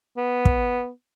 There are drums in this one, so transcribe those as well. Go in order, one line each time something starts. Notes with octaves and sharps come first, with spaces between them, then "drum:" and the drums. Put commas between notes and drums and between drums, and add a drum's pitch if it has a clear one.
B3
drum: kick